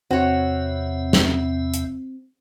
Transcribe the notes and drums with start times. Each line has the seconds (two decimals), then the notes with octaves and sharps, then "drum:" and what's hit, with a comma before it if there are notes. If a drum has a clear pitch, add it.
0.11 E2 C3 C4 F#4 C#5 E5
1.13 drum: snare
1.74 drum: hi-hat